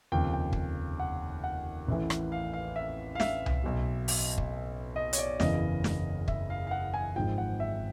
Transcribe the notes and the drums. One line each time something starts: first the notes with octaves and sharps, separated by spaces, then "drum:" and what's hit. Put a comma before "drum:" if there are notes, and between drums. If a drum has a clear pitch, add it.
F1 D#2 C#3 F3 G5
G5
drum: kick
F#5
F#5
A1 A2 E3
drum: rim click
F5
F5
E5
F5
E5, drum: snare
drum: tom C2
B1 B2
drum: open hi-hat
drum: kick
D#5
C#5, drum: hi-hat
D5
F#1 E2 C#3 E3 D#5, drum: snare
drum: snare
E5, drum: kick
F5
F5
F#5
G#5
G#1 G#2 F3 G5
F#5
E5